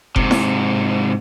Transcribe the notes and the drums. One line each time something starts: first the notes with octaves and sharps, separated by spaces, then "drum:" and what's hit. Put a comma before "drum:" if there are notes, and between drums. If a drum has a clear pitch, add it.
G#2 C3, drum: kick F1
drum: snare E4